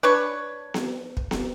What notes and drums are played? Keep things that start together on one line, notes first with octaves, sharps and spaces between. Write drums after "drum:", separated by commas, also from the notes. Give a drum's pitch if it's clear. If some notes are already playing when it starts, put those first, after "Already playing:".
D4 B4 C#5
drum: snare B3
drum: kick
drum: snare B3